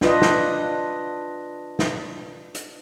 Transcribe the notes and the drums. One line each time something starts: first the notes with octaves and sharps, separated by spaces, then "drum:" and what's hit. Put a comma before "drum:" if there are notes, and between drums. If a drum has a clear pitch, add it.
D4 F4 B4 D#5, drum: snare
drum: snare
drum: snare
drum: hi-hat